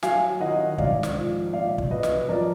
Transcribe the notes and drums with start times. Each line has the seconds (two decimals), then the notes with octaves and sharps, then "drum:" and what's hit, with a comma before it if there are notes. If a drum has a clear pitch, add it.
0.03 F#3 F5 G#5, drum: snare
0.40 D#3 D#5 F#5
0.78 G#2 D5 F5, drum: kick
1.03 drum: snare
1.15 F3
1.53 A#2 D5 F5
1.78 drum: kick
1.90 F#3 B4 D#5
2.03 drum: snare
2.28 F2 A#4 D5